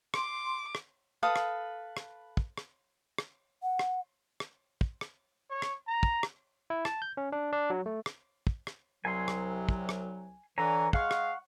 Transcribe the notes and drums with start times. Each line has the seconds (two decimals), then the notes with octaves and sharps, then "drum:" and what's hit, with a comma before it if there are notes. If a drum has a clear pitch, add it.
0.14 C6 D6, drum: rim click
0.75 drum: rim click
1.23 A4 B4 F5 D#6
1.36 drum: rim click
1.97 drum: rim click
2.37 drum: kick
2.58 drum: rim click
3.18 drum: rim click
3.63 F#5
3.79 drum: rim click
4.40 drum: rim click
4.81 drum: kick
5.01 drum: rim click
5.50 C#5
5.62 drum: rim click
5.87 A#5
6.03 drum: kick
6.23 drum: rim click
6.70 E4
6.85 A5, drum: rim click
7.02 G6
7.17 C#4
7.32 D4
7.53 D4
7.70 F#3
7.86 A3
8.06 drum: rim click
8.47 drum: kick
8.67 drum: rim click
9.05 C2 F#3 G#5 C6
9.28 drum: rim click
9.69 drum: kick
9.89 drum: rim click
10.58 D3 E3 C#5 G#5 A#5
10.93 G#3 F5 F#5 C#6, drum: kick
11.11 drum: rim click